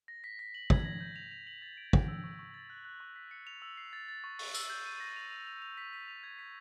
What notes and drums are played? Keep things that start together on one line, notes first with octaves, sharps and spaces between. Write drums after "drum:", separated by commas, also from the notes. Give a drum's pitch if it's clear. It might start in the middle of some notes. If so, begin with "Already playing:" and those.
A#6
B6
B6
F#7
G#6, drum: kick
A#6
G6
F7
F7
F#7
A6
D7
D7, drum: kick
E6
C#6
C#6
A6
F#6
F#6
C#6
B6
C#7
F7
E6
C7
A6
A6
C#6
C#6, drum: open hi-hat
E6, drum: tambourine
G6
D#7
A#6
F7
F7
F7
F7
B6
B6
F7
G#6
B6